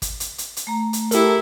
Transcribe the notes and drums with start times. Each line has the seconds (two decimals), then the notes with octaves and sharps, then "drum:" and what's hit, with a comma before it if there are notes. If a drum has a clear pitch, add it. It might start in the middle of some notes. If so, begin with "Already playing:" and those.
0.02 drum: kick, hi-hat
0.20 drum: hi-hat
0.38 drum: hi-hat
0.57 drum: hi-hat
0.67 A3 A#5
0.93 drum: hi-hat
1.11 E4 G4 A4 A#4, drum: hi-hat